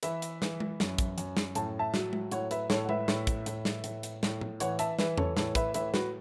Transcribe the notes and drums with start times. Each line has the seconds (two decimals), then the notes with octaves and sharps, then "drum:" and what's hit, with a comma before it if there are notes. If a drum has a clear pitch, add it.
0.03 E3 B4 E5, drum: hi-hat
0.22 drum: hi-hat
0.42 E3, drum: snare
0.60 drum: tom G#3
0.80 F#2, drum: snare
0.98 drum: kick, hi-hat
1.18 F#2, drum: hi-hat
1.37 drum: snare
1.55 A2 A5, drum: hi-hat
1.79 E5 A5
1.94 F#3, drum: snare
2.13 drum: tom G#3
2.31 A2 C#5 F#5, drum: hi-hat
2.51 B4 E5, drum: hi-hat
2.70 A2 A4 C#5, drum: snare
2.85 F#5
2.89 B4 E5, drum: tom G#3
3.08 A2, drum: snare
3.27 drum: kick, hi-hat
3.46 A2, drum: hi-hat
3.65 drum: snare
3.84 A2, drum: hi-hat
4.03 drum: hi-hat
4.23 A2, drum: snare
4.41 drum: tom A2
4.60 E3 C#5 F#5, drum: hi-hat
4.79 E5 A5, drum: hi-hat
4.99 E3 B4 E5, drum: snare
5.18 A4 C#5, drum: tom E2
5.37 A2 A4 C#5, drum: snare
5.55 B4 E5, drum: kick, hi-hat
5.74 A2 B4 E5, drum: hi-hat
5.94 F#4 B4, drum: snare